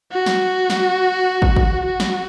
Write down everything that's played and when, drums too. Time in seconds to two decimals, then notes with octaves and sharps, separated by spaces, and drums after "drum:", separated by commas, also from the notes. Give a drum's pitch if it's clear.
0.12 F#4
0.26 drum: snare
0.70 drum: snare
1.42 drum: kick
1.56 drum: kick
1.86 F#4
2.00 drum: snare